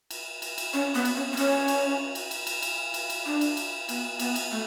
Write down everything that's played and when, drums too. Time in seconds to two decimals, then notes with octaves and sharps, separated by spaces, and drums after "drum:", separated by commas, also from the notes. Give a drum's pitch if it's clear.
0.11 drum: cymbal
0.42 drum: cymbal
0.58 drum: cymbal
0.74 C#4
0.95 B3
1.05 drum: cymbal
1.16 C#4
1.32 B3
1.37 C#4, drum: cymbal
1.68 drum: cymbal
2.15 drum: cymbal
2.31 drum: cymbal
2.47 drum: cymbal
2.62 drum: cymbal
2.94 drum: cymbal
3.10 drum: cymbal
3.26 D4
3.41 drum: cymbal
3.57 drum: cymbal
3.89 B3, drum: cymbal
4.19 B3, drum: cymbal
4.36 drum: cymbal
4.52 A3